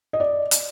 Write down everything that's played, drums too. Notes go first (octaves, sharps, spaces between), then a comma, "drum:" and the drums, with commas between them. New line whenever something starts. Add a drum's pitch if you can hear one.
D#5
D5
drum: hi-hat